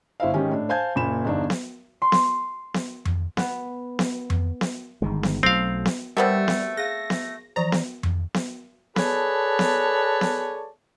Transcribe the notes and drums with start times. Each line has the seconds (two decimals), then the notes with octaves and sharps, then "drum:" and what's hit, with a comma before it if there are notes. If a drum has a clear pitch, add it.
0.20 G1 E4 C5 E5 F5
0.34 G#2 D#3 C#4 G4
0.51 A2 D4
0.69 C5 F5 G#5 A5 G6 G#6
0.96 F#1 A#2 B5 E7
1.25 G1 E2 D4 D#4
1.50 drum: snare B3
2.02 C6
2.12 drum: snare B3
2.74 drum: snare B3
3.05 drum: tom F2
3.37 B3, drum: snare B3
3.99 drum: snare B3
4.30 drum: tom F2
4.61 drum: snare B3
5.02 G1 D#3 G#3
5.23 drum: snare B3
5.43 B1 F#3 A3 C4 F5
5.85 drum: snare B3
6.17 G3 A3 B3 C4 A#4 C5
6.48 drum: snare B3
6.77 G#4 F5 A#6
7.10 drum: snare B3
7.56 E3 F3 C5 A#5
7.72 drum: snare B3
8.03 drum: tom F2
8.34 drum: snare B3
8.96 G#4 A4 B4 C#5 D5 A5, drum: snare B3
9.59 drum: snare B3
10.21 drum: snare B3